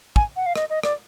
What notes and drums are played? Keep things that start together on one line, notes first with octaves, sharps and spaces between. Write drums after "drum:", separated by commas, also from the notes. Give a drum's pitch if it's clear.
G#5, drum: kick
F#5
F5
D#5, drum: rim click
D#5
D5, drum: rim click